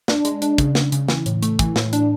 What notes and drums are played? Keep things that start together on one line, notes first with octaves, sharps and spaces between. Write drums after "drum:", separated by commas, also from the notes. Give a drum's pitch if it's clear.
D4, drum: snare
G#3, drum: hi-hat
D4, drum: hi-hat
C#3, drum: kick, hi-hat
C#3, drum: snare
C#3, drum: hi-hat
E3, drum: snare
A2, drum: hi-hat
A3, drum: hi-hat
E3, drum: kick, hi-hat
A2, drum: snare
D4, drum: hi-hat